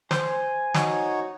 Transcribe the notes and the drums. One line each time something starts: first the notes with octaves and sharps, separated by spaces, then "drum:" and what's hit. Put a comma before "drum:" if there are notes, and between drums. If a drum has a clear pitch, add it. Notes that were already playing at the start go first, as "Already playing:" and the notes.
C5 G#5, drum: snare
D#4 F#4 C#5, drum: snare